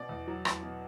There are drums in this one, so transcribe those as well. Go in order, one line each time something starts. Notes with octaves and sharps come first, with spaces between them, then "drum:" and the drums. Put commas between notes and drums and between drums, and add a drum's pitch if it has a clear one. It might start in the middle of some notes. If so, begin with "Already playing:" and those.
Already playing: B2 D5
E2
F#3
E2, drum: rim click
B2